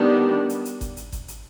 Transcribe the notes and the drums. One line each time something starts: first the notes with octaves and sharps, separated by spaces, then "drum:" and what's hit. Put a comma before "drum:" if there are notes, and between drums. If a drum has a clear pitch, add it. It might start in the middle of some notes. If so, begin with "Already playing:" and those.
Already playing: D#3 G3 B3 D4
drum: hi-hat
drum: hi-hat
drum: kick G1, hi-hat
drum: hi-hat
drum: kick G1, hi-hat
drum: hi-hat